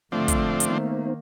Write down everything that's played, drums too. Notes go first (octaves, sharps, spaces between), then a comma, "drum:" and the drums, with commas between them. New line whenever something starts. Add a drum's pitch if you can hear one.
G#2 D3 F3 A3 C4 D4
drum: kick, hi-hat
drum: hi-hat
D#3 A#3 B3 D#4 C5